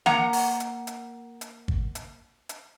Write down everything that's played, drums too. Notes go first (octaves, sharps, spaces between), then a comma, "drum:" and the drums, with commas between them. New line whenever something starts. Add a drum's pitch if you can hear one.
A#3 F#5 A#5, drum: snare
drum: open hi-hat
drum: hi-hat
drum: hi-hat
drum: hi-hat
drum: kick
drum: hi-hat
drum: hi-hat